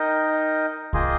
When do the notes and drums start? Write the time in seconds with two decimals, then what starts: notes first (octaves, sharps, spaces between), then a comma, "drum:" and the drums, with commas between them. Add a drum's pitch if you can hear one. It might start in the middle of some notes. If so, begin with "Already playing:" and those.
Already playing: D#4 A#4 D#5 G5
0.93 A#3 F4 G#4 D#5 G5, drum: kick C2